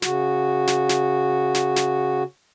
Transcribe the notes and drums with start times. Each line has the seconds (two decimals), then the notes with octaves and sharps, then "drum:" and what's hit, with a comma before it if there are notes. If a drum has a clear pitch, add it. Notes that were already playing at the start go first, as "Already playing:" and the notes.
0.02 C#3 F#4, drum: snare
0.67 drum: snare
0.89 drum: snare
1.54 drum: snare
1.76 drum: snare